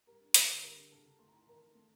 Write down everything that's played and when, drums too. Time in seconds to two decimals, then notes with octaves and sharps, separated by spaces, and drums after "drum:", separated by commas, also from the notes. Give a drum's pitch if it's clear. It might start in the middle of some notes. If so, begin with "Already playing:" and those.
0.07 G3 A#4 A#5
0.21 D4
0.34 D3 A#4 A#5, drum: hi-hat
0.49 D3
0.63 G3 A#4 A#5
0.77 D4
0.91 D3 A4 A5
1.06 D3
1.19 A3 C6
1.28 A#5
1.34 D#4
1.39 A5
1.47 D#3 A#4 A#5
1.62 D#3
1.75 A3